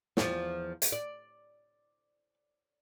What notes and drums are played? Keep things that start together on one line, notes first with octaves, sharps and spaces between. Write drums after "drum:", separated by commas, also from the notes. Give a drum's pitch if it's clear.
E2 F3, drum: snare
drum: hi-hat
D5